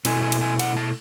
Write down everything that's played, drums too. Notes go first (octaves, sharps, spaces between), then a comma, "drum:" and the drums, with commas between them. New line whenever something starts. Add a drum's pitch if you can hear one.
B2 A3 E4 G#5, drum: cymbal
G#5
drum: cymbal
G#5
F#5, drum: cymbal
A5